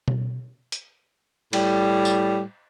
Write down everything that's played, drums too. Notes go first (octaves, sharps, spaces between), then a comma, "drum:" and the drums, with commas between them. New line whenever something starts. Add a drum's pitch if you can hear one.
drum: tom B2
drum: hi-hat
A2 G3, drum: cymbal
drum: tambourine